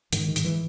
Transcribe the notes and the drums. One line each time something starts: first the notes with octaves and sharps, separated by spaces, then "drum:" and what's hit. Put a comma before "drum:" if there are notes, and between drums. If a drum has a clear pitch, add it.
G#2 D#3, drum: hi-hat
D#3
G#2, drum: hi-hat
E3